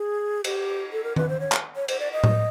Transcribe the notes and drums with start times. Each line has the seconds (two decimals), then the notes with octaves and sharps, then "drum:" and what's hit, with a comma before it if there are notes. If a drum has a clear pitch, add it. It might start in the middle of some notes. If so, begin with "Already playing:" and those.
Already playing: G#4
0.44 G4, drum: cymbal
0.92 A4
1.04 A#4
1.16 B4, drum: tom D#3
1.29 C5
1.40 C#5
1.52 drum: clap
1.76 C#5
1.88 C5, drum: cymbal
2.00 D5
2.12 D#5
2.24 drum: tom A2